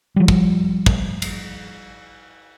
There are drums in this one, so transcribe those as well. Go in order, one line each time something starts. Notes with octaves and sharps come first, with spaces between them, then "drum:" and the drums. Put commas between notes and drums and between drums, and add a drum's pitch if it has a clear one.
F3 G3
drum: kick
drum: kick
drum: cymbal